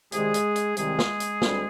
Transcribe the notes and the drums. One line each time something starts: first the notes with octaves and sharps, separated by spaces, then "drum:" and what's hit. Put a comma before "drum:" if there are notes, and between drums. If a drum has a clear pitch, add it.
C2 C3 D#3 G3 G#3 C4 G#4, drum: hi-hat
drum: hi-hat
drum: hi-hat
C2 C3 D#3 G3 G#3 C4 G#4, drum: hi-hat
drum: snare
drum: hi-hat
D2 D3 G3 C4, drum: snare